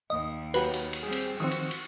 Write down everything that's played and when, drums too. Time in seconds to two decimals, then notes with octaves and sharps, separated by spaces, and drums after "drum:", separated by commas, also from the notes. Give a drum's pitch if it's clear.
0.10 D#2 D#5
0.54 F#3 G4 B4 F#5, drum: cymbal
0.74 drum: cymbal
0.93 drum: cymbal
1.03 G3 C4 G#4
1.12 drum: cymbal
1.40 D#3 F3 C4 F#4 D#6 E6
1.51 drum: cymbal
1.71 drum: cymbal